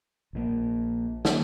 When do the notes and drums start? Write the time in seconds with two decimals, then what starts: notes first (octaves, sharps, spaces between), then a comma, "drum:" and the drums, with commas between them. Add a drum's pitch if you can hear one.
0.33 A#1 A#2 F3 A#3
1.25 D#3 A#3, drum: snare